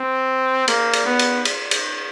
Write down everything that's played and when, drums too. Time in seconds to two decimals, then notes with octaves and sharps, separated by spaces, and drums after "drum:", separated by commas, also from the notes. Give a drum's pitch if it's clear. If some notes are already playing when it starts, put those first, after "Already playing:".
Already playing: C4
0.68 A#3, drum: cymbal
0.93 drum: cymbal
1.06 B3
1.19 drum: cymbal
1.45 drum: cymbal
1.71 drum: cymbal